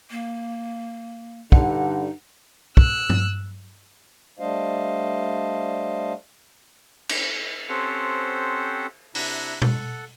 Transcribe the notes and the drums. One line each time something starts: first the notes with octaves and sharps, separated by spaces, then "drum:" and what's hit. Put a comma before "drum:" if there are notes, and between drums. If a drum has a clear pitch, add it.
A#3
G2 D3 D#4 F#5, drum: kick
E6 F#6, drum: kick
drum: tom G2
G3 A3 D4 C5 D#5 F5
drum: cymbal
C4 C#4 G4 A4 C5 F#5
C3 D4 E4 E5 F#5 A#5, drum: open hi-hat
A4 F#5, drum: tom